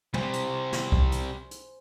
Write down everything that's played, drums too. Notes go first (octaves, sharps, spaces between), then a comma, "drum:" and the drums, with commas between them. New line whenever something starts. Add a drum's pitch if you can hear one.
C3 G3 C5 G#5, drum: tom
drum: hi-hat
drum: snare
drum: kick C2
drum: hi-hat
drum: hi-hat